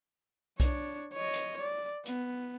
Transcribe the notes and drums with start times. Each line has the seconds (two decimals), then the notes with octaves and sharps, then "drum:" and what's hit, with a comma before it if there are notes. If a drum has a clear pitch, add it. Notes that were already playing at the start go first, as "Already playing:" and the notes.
0.60 D4 C#5, drum: kick B1, hi-hat
1.14 C#5 D#5
1.33 drum: hi-hat
1.60 D5
2.06 B3, drum: hi-hat